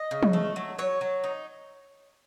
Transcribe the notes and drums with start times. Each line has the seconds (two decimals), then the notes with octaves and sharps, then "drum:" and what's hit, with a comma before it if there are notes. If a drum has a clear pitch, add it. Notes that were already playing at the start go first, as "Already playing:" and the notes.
Already playing: D#5
0.11 C#3
0.23 drum: tom
0.33 A3
0.56 F#3
0.78 F#3 C#5
1.01 F#3
1.24 D#4